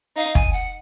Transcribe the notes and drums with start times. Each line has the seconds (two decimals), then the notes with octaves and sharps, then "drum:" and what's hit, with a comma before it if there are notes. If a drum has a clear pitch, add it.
0.16 D#4 F5
0.35 G#5, drum: kick
0.53 F#5